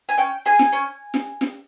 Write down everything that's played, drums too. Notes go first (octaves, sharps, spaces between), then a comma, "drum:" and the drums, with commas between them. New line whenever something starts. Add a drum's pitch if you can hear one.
G#5
C#4 G5
G#4 G#5
drum: snare
C#4
drum: snare
drum: snare